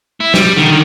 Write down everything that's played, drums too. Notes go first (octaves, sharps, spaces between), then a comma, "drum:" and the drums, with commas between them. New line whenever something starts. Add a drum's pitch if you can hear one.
E4
G3, drum: snare
D3 D#3